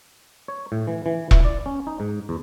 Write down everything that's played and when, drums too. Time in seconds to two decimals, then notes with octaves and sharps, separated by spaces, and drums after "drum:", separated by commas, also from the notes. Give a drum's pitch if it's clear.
0.48 C#5
0.72 A2
0.87 E3
1.06 E3
1.31 E4, drum: kick E1
1.45 D5
1.66 C#4
1.87 D#4
2.00 G#2
2.29 E2